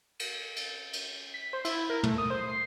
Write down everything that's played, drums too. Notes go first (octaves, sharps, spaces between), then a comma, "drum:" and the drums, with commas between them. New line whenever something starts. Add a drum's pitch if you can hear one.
drum: cymbal
drum: cymbal
drum: cymbal
B6
C5
E4, drum: cymbal
A#4
A3, drum: tom
D#6
C5
C7